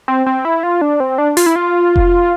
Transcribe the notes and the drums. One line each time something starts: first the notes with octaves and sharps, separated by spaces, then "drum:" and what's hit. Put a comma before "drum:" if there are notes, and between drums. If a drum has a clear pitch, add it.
C4
C4
E4
F4
D4
C4
D4
F4, drum: open hi-hat
E4
F4
drum: kick F1